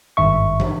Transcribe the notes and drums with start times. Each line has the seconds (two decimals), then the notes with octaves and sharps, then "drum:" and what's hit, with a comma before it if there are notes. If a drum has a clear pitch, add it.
0.17 G#1 G2 E5 C#6
0.60 drum: tom